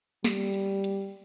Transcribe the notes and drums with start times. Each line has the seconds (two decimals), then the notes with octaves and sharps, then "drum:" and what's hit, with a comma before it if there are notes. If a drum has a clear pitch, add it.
0.24 G3, drum: snare
0.54 drum: hi-hat
0.84 drum: hi-hat